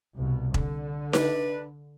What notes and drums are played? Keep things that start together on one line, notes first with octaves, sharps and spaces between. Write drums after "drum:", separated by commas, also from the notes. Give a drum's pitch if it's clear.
C2 B2
D3, drum: kick E1
D4 B4, drum: snare D#4